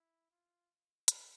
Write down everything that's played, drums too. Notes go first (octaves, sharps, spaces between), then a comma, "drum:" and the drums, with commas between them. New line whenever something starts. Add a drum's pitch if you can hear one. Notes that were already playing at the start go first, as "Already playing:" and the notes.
Already playing: E4
F4
drum: hi-hat